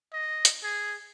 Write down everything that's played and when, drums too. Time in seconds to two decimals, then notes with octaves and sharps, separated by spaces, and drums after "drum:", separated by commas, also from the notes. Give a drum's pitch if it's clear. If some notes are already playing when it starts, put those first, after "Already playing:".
0.13 D#5
0.45 drum: hi-hat
0.64 G#4